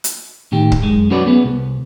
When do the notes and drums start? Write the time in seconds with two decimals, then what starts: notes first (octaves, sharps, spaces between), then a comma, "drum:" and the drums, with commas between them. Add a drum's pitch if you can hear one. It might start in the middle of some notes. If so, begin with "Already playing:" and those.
0.04 drum: hi-hat
0.52 A2 D#3 G4
0.72 drum: kick
0.82 F#2 G#3
1.10 F#3 C#4 F#4 B4 C#5 D5
1.26 B3 G#4 B4
1.44 C2